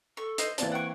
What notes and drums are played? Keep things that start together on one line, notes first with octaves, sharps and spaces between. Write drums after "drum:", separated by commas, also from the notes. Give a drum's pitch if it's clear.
A4 C#6
C5 D#5, drum: hi-hat
E3 A#3 C4 D5 A5, drum: hi-hat
F#5 G5 C#6